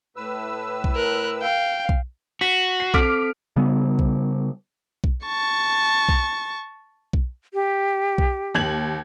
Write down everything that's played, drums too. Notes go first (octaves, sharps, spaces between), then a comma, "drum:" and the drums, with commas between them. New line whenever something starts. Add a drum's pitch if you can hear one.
A2 B4 E6
drum: kick B1
A#4 F#6
F5 G5
drum: kick B1
F#4 B6
C7
C4 A4 D6 F6 B6 D7, drum: kick B1
C#3 G3 B3
drum: kick B1
drum: kick B1
A5 C#6
drum: kick B1
drum: kick B1
G4
drum: kick B1
D#2 G#6 F#7